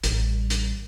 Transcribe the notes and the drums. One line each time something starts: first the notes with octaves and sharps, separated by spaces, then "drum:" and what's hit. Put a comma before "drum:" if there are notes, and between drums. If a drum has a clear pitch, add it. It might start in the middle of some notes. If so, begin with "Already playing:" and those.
A1 G3, drum: hi-hat
drum: hi-hat